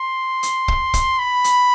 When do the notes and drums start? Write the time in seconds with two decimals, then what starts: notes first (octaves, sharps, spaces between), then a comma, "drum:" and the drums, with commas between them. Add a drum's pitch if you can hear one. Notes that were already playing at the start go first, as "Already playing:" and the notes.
Already playing: C6
0.43 drum: hi-hat
0.68 drum: kick
0.94 drum: kick, hi-hat
1.19 B5
1.44 drum: hi-hat